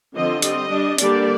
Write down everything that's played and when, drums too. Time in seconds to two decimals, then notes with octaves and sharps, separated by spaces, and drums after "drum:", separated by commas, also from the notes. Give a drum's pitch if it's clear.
0.15 D3 F3 C4 D#5
0.42 G3 C4 D#5, drum: hi-hat
0.71 G3 D4
0.98 D3 G3 A#3 D4 D5, drum: hi-hat